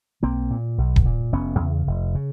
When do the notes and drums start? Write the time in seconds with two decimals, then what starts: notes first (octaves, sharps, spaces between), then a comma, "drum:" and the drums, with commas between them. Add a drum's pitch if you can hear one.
0.23 B1 A#3 C4
0.50 A#2
0.78 B1
0.96 drum: kick D#1
1.06 A#2
1.32 F1 B3 C#4
1.59 E2 C#3
1.87 F1
2.15 C#3